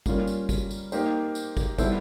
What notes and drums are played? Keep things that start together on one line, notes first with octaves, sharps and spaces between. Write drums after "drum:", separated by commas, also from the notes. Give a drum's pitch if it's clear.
G3 A#3 C#4 F4 A#4, drum: kick, tambourine
drum: tambourine
drum: kick, tambourine
drum: tambourine
A#3 D#4 G4 C5, drum: tambourine
drum: tambourine
drum: kick, tambourine
G3 B3 E4 A4 C5, drum: kick, tambourine